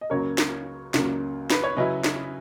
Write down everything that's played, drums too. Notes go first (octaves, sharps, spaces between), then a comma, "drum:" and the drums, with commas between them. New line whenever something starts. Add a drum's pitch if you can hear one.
D#5
C#2 C#3 F#3 A#3 A#4 C#5
drum: snare
C#2 C#3 F#3 A#3, drum: snare
B4, drum: snare
C#5
C#3 F#3 C#4 E4 B4 D#5
drum: snare